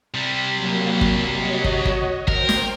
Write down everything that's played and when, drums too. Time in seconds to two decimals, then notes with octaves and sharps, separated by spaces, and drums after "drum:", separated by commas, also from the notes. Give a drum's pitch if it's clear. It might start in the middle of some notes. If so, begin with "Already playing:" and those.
0.14 C3 G3
0.54 F#3 A#3
1.01 drum: kick
1.31 F#4 C#5 D#5
1.64 drum: kick
1.85 drum: kick
2.28 A#4 C5 G5, drum: kick
2.49 drum: snare